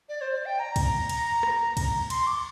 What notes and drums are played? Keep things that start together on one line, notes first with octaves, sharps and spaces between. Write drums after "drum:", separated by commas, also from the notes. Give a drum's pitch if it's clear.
D5
C5
D5
G5
A#5
drum: kick, cymbal
drum: cymbal
drum: rim click
drum: kick, cymbal
C6, drum: cymbal
D6